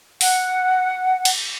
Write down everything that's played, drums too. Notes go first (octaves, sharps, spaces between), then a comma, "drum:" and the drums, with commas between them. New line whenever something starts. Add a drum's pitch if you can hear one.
F#5, drum: open hi-hat
drum: cymbal